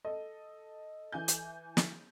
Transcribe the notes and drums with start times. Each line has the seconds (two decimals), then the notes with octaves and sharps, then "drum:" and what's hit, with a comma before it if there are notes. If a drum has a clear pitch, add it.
0.05 A4 D#5
1.12 E3 G#5 G6
1.28 drum: hi-hat
1.77 drum: snare